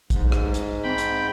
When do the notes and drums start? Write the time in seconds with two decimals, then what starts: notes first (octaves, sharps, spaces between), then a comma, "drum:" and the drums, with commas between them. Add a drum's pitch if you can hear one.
0.10 G#2, drum: kick, hi-hat
0.32 drum: rim click
0.54 drum: hi-hat
0.83 E3 C4 G5 B5
0.98 drum: hi-hat